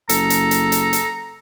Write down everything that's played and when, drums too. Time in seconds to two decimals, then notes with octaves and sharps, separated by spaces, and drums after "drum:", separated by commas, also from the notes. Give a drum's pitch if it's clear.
0.09 F#1 A4 A#5, drum: hi-hat
0.30 drum: hi-hat
0.51 drum: hi-hat
0.72 drum: hi-hat
0.93 drum: hi-hat